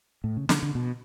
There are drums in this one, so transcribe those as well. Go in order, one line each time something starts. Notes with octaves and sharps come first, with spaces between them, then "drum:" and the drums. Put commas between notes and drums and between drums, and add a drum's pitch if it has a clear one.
A2
C#3
D3, drum: snare
D3
B2